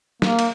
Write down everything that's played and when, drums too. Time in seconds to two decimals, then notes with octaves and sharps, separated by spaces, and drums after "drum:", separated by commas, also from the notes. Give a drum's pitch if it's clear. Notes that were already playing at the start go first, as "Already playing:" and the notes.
0.22 A#3, drum: snare
0.39 drum: cymbal